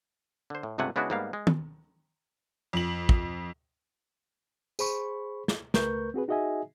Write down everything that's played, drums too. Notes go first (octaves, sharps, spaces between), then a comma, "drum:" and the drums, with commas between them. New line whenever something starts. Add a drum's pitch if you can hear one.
D3 C5
A2
C#2 G2 C3 A3 F#5 G#5
C#3 G#3 B3 D4 E4 F#4
G#2 G3 A#3 B3 F5
G#3
drum: tom
F2 F#7
drum: kick
G#4 C5 B5 C#6, drum: tambourine
drum: snare
C#2 A3 A#4 B4 C#6 G6, drum: snare
C4 F#4 G#4 B4
D#4 F#4 G#4 D#5 E5 G#5